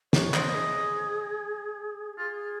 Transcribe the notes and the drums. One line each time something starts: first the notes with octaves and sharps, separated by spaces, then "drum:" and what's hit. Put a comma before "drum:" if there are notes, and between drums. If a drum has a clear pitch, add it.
C#5, drum: snare
C5 D#5, drum: clap
G#4
F4 G#4